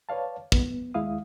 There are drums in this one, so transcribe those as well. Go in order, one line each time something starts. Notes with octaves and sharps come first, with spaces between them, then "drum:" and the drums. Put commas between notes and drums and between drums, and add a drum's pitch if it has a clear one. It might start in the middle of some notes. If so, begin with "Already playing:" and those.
B4 C#5 D5 F5 A5
B3, drum: kick
D#2 G#3 E4 F5 D#6